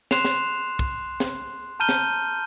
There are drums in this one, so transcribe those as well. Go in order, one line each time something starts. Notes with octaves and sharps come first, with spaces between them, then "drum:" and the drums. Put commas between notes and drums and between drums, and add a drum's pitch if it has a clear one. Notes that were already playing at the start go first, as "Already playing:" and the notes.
C6 F#6 C7 E7 F7, drum: snare
drum: snare
drum: kick
drum: snare
A5 A#5 F6 G6 D#7 G7
drum: snare